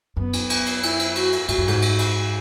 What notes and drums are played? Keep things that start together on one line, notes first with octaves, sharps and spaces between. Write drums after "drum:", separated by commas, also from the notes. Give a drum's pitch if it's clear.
F#2 B3
drum: cymbal
drum: cymbal
drum: cymbal
E4, drum: cymbal
drum: cymbal
F#4, drum: cymbal
drum: cymbal
G#2 F#4, drum: cymbal
F#2
G#2, drum: cymbal
drum: cymbal
drum: cymbal